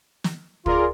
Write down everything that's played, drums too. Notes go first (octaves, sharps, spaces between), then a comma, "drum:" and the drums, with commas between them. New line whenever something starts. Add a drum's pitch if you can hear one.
drum: snare
F4 G#4 A#4 D5, drum: kick